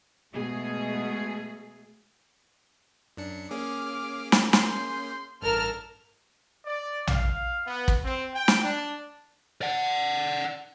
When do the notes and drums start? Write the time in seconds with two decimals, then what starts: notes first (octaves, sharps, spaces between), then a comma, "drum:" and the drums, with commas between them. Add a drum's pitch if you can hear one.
0.33 B2 G#3 A3 G#4
3.17 F#2 D4 C#7
3.51 A#3 C#4 G#4 D6 F6
4.32 drum: snare
4.53 C6 G6, drum: snare
5.42 A1 G2 A4 A#4 A5 F6
6.65 D5
7.07 F5, drum: tom A#1
7.66 B3
7.88 drum: kick
8.04 C4
8.33 G5
8.48 drum: snare
8.63 D4
9.62 D5 F#5